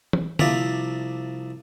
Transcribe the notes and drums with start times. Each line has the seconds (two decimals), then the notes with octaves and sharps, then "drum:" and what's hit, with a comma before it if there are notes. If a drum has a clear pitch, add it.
0.13 drum: tom
0.39 C2 F3 D4 D5 E5 A#5, drum: tom D3